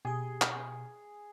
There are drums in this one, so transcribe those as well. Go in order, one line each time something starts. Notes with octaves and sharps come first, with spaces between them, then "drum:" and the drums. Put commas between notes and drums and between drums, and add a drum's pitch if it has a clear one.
B2 G4 G#4
drum: clap